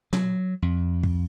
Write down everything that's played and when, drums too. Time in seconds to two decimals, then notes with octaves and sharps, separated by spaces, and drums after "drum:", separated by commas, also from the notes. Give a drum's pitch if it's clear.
0.13 F#3, drum: tom A#2
0.62 F2
1.03 drum: kick